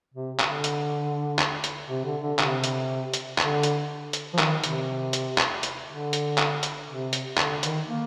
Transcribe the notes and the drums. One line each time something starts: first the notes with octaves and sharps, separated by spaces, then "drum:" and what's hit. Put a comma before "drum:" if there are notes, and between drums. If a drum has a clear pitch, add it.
C3
D3, drum: clap
drum: hi-hat
drum: clap
drum: hi-hat
C3
D3
D3
C3, drum: clap
drum: hi-hat
drum: hi-hat
D3, drum: clap
drum: hi-hat
drum: hi-hat
F3
D#3, drum: clap
C3, drum: hi-hat
drum: hi-hat
drum: clap
drum: hi-hat
D3
drum: hi-hat
drum: clap
drum: hi-hat
C3
drum: hi-hat
D3, drum: clap
D#3, drum: hi-hat
A#3